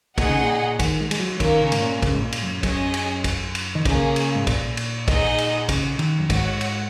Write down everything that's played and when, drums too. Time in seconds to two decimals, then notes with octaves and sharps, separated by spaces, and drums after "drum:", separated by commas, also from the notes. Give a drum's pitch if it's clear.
0.18 A#2 D#4 G#4 D#5 F#5, drum: kick, cymbal
0.29 C#3
0.41 A#2
0.79 D#3, drum: kick, cymbal
1.00 G#3
1.11 G#3, drum: cymbal
1.20 F#3
1.40 D#3 A#3 C#4 A#4, drum: kick, cymbal
1.61 C#3
1.72 G#2, drum: cymbal
1.81 A#2
2.02 C#3, drum: kick, cymbal
2.13 G#2
2.22 A#2
2.32 drum: cymbal
2.43 F#2
2.63 F#2 C#4 G#4 D#5 G#5, drum: kick, cymbal
2.94 drum: cymbal
3.24 drum: kick, cymbal
3.55 drum: cymbal
3.75 D#3
3.85 C#3 A#3 C#4 G#4, drum: kick, cymbal
4.16 drum: cymbal
4.36 G#2
4.47 A#2, drum: kick, cymbal
4.77 drum: cymbal
5.08 D#4 G#4 D#5 F#5, drum: kick, cymbal
5.38 drum: cymbal
5.69 C#3, drum: kick, cymbal
5.99 D#3, drum: cymbal
6.19 F#2
6.30 G#2 F#4 C#5 F#5, drum: kick, cymbal
6.61 drum: cymbal